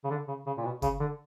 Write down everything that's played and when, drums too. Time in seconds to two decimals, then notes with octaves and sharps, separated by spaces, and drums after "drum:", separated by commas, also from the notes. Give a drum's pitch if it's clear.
0.04 C#3
0.10 D3
0.28 C#3
0.46 C#3
0.57 A#2
0.65 B2
0.82 C#3, drum: kick F#1, tambourine
1.00 D3